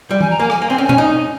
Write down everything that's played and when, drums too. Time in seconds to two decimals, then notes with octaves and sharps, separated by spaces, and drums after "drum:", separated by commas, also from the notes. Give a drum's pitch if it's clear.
0.11 G3
0.21 G#5, drum: tom
0.30 A#5
0.39 A#3 G#5
0.50 G#5, drum: rim click
0.62 A#3
0.69 C4 G#5
0.78 C#4 G5
0.84 G#5
0.89 C#4, drum: tom
0.98 D#4